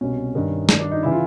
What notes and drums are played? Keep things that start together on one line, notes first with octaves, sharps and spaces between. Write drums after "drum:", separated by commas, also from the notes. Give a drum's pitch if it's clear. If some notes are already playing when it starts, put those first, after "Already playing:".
C2 B2 C#4
G2 D#3
G2 D#3 D4, drum: snare
D4
D#4
C#3 E3 E4
F4